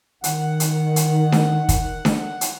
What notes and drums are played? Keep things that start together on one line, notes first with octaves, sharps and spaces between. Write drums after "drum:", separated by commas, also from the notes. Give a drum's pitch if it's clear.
D#3 F#5, drum: hi-hat
drum: hi-hat
drum: hi-hat
drum: snare D4
drum: kick, hi-hat
drum: snare D4
drum: hi-hat